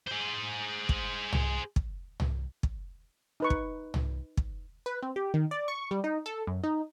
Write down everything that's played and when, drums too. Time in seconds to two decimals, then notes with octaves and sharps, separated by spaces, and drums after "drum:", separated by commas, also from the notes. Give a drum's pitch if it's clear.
0.07 G#4 C5
0.89 drum: kick
1.33 drum: tom C2
1.76 drum: kick
2.20 drum: tom C2
2.63 drum: kick
3.40 D#4 B4 C#6
3.50 drum: kick
3.94 drum: tom C2
4.37 drum: kick
4.86 B4
5.02 C4
5.16 G4
5.34 D#3
5.51 D5
5.68 C#6
5.91 G3
6.04 D#4
6.26 A4
6.47 F#2
6.63 D#4